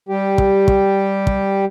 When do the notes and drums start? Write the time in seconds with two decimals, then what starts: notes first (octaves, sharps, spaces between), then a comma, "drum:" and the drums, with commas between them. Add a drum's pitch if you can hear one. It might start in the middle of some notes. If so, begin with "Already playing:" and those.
0.09 G3 G4
0.38 drum: kick
0.68 drum: kick
1.27 drum: kick